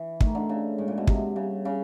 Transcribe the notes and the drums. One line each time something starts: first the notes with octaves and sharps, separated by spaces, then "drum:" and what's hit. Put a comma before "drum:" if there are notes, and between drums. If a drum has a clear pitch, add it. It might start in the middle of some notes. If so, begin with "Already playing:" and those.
Already playing: E3
D#3 A3, drum: kick
D3
C#3
A2 G#3
A#2
B2
C3, drum: kick
C#3 G3
C#3